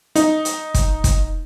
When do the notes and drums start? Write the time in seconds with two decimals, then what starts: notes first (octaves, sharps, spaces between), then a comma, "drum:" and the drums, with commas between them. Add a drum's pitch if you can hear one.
0.15 D#4, drum: hi-hat
0.45 drum: hi-hat
0.74 drum: kick, hi-hat
1.04 drum: kick, hi-hat